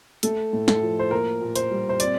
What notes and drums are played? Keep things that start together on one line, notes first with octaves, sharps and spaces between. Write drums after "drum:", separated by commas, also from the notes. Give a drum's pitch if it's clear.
A3 A4, drum: hi-hat
A2
A4, drum: snare
F3
C5
A#3 A#4
A#2
C5, drum: hi-hat
G3
C5
C4 D5, drum: hi-hat